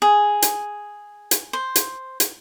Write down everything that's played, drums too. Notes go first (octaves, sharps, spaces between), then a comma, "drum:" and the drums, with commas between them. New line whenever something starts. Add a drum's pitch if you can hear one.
G#4
drum: hi-hat
drum: hi-hat
C5
drum: hi-hat
drum: hi-hat